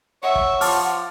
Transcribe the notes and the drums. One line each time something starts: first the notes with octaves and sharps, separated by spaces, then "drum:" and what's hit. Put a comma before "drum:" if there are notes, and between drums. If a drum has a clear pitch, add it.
C#5 E5 F#5
drum: kick
F3 A5 D6 F6, drum: open hi-hat